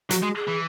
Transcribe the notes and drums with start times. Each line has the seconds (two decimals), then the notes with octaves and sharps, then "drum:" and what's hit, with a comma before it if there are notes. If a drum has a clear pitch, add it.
0.11 F#3 F#4, drum: hi-hat
0.23 G#3
0.36 G#4
0.48 E3